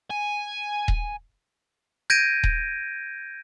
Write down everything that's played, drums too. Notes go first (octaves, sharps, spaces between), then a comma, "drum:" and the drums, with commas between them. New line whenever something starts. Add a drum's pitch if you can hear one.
G#5
drum: kick D#1
G6 G#6 A#6 D7 D#7
drum: kick D#1